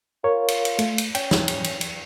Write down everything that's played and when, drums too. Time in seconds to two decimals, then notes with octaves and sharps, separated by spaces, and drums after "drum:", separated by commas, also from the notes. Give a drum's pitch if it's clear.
0.24 F4 A#4 C#5
0.48 drum: cymbal
0.65 drum: cymbal
0.79 A3, drum: cymbal
0.98 drum: cymbal
1.15 C#4 G5, drum: cymbal
1.31 drum: snare
1.48 drum: cymbal
1.64 drum: cymbal
1.81 drum: cymbal